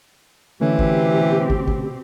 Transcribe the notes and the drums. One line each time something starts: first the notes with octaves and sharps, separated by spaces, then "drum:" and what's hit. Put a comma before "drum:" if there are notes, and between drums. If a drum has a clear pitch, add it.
B2 D3 E3 A3 C4 C#4 G4
drum: kick
drum: kick
drum: kick